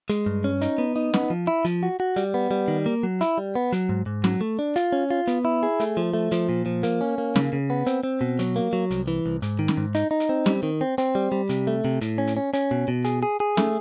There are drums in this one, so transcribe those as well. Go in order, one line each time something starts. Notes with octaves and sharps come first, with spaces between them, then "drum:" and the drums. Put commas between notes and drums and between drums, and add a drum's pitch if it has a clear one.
G#3, drum: hi-hat
G2
C#4
D#4, drum: hi-hat
B3
D#4
B3, drum: snare C#4
F3
E4
F3, drum: hi-hat
F#4
F#4
G3, drum: hi-hat
B3
G3
D#3
A#3
F#3
E4, drum: hi-hat
G3
B3
F#3, drum: hi-hat
G#2
G#2
F#3, drum: snare C#4
A3
D4
F4, drum: hi-hat
C#4
F4
B3, drum: hi-hat
E4
G#4
A3, drum: hi-hat
F3
A3
F3, drum: hi-hat
A#2
F3
A#3, drum: hi-hat
C#4
A#3
C#3, drum: snare C#4
C#3
B3
C4, drum: hi-hat
C4
B2
F#3, drum: hi-hat
A#3
F#3
C2, drum: hi-hat
E3
C2
G#2, drum: hi-hat
D#3
drum: snare C#4
G#2
D#4, drum: hi-hat
D#4
drum: hi-hat
C4
G3, drum: snare C#4
D#3
C4
C4, drum: hi-hat
G3
G3
C3, drum: hi-hat
A3
C3
A2, drum: hi-hat
C#4
drum: hi-hat
C#4
C#4, drum: hi-hat
B2
B2
G#4, drum: hi-hat
G#4
G#4
A3, drum: snare C#4